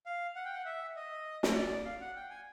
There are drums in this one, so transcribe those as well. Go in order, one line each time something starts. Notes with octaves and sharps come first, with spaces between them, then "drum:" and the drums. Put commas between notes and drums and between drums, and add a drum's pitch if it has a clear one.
F5
F#5
G5
F#5
E5
D#5
drum: snare
D5
F5
F#5
G5
G#5